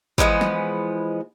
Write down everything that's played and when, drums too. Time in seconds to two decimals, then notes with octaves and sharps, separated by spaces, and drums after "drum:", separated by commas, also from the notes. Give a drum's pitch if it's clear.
0.18 E3 F3 G#3 B3, drum: kick
0.41 drum: snare